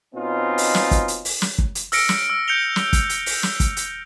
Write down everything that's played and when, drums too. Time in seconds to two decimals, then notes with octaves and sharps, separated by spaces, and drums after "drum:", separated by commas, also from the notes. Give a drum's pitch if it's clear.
0.14 B2 C4 C#4 D#4 F4
0.58 drum: open hi-hat
0.75 drum: snare
0.91 drum: kick, hi-hat
1.08 drum: hi-hat
1.25 drum: open hi-hat
1.42 drum: snare
1.58 drum: kick
1.75 drum: hi-hat
1.92 E6 F6 A#6 C#7 D7, drum: open hi-hat
2.09 drum: snare
2.30 E6
2.48 G6 C#7 D7 F7 G7
2.76 drum: snare
2.93 drum: kick, hi-hat
3.09 drum: hi-hat
3.26 drum: open hi-hat
3.43 drum: snare
3.60 drum: kick, hi-hat
3.77 drum: hi-hat